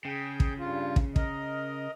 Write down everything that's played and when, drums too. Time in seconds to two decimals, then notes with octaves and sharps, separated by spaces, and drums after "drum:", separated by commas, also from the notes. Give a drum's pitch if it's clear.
0.05 C#3 G#4 G5
0.40 drum: kick
0.59 G2 F4
0.96 drum: kick
1.16 A#4 D#5, drum: kick